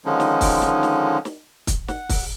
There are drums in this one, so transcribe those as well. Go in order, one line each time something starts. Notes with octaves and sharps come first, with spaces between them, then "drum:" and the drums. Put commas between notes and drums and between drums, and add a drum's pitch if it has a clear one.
D3 D#3 F3 G#3 C#4 D#4
drum: snare
drum: kick, open hi-hat
drum: snare
drum: snare
drum: snare
drum: kick, hi-hat
F#5, drum: snare
drum: kick, open hi-hat